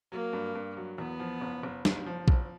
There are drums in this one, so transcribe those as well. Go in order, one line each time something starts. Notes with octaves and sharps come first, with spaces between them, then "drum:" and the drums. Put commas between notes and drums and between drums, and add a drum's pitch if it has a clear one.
F#3 A#3
G2
G2
F#3
E2 B3
F3
F#1
F#1
F#1, drum: snare
F3
F#1, drum: kick A#1